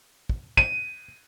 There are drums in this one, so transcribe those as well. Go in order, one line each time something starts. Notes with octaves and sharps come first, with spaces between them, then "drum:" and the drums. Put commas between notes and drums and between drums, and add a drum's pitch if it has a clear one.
drum: kick
D#7, drum: kick